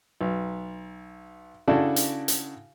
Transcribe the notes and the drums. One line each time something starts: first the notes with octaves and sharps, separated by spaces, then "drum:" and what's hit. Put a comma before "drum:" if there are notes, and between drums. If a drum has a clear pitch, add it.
B1
C#3 D4 E4 F#4 A4
drum: hi-hat
drum: hi-hat